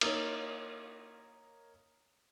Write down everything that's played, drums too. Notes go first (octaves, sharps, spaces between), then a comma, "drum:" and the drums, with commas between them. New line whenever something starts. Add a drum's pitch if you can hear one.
A#3 D#4 A#4 C#5, drum: cymbal